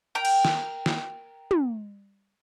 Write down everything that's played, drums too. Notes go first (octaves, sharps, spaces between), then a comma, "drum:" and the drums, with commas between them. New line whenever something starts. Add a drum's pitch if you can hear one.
A#4 G5
drum: cymbal
drum: snare
drum: snare
drum: tom